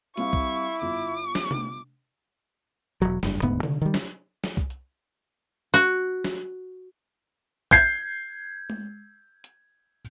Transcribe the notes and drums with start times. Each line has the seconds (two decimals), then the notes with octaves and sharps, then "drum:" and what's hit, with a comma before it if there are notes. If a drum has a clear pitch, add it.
0.17 G3 C4 E4 F5 C#6, drum: hi-hat
0.33 drum: kick C2
0.82 G1 F4 D6
1.35 drum: snare
1.51 drum: tom
3.02 E1 C2 F#3
3.23 F#1 G2, drum: snare
3.42 D#1 D2 G#2 B3, drum: hi-hat
3.63 D3, drum: tom C3
3.81 D#3 G3
3.94 drum: snare
4.44 drum: snare
4.57 drum: kick C2
4.70 drum: hi-hat
5.74 F#4
6.24 drum: snare
7.71 G6 G#6 C7, drum: kick C2
8.70 drum: tom G#3
9.44 drum: hi-hat